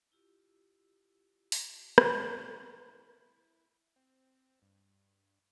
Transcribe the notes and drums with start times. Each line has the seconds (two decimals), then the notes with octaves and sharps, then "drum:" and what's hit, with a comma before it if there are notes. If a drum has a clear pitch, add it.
0.12 E4 F4 G4 E6
1.52 drum: open hi-hat
1.98 drum: rim click
2.88 E4
3.96 C4
4.62 G2